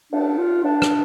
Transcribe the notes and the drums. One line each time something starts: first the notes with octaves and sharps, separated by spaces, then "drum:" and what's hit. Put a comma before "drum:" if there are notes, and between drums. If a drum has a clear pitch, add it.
D4, drum: cymbal
F4
D4, drum: cymbal
drum: rim click